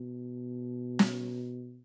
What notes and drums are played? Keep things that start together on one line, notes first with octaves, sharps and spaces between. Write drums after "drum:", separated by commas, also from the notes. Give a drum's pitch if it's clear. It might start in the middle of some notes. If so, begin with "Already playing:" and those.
Already playing: B2
drum: snare